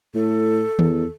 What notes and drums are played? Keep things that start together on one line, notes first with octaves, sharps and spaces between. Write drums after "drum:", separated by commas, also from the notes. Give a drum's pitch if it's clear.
A2 A4
E2, drum: tom D#3